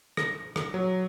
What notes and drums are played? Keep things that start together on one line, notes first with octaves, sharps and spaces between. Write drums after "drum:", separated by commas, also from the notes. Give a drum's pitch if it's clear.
A#6, drum: rim click
drum: rim click
F#3